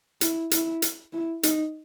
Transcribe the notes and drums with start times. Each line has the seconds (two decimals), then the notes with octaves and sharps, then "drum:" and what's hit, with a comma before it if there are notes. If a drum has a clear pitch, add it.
0.21 E4, drum: hi-hat
0.51 E4, drum: hi-hat
0.82 drum: hi-hat
1.13 E4
1.43 D#4, drum: hi-hat